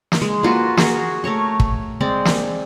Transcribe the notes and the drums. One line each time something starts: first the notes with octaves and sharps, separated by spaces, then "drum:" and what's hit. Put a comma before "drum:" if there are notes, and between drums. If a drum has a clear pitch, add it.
drum: snare
G#3
A#3 F4 F#4 B4
F#4 G#4 A#4, drum: snare
A3 A#4 C#5 C#6
drum: kick
G#3 C4 D5
drum: snare